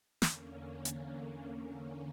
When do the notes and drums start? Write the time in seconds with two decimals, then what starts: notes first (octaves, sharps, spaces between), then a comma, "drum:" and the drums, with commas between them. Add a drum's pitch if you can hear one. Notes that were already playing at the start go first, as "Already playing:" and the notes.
0.22 E2 D3 A#3 C#4, drum: snare
0.85 drum: hi-hat
1.07 C#4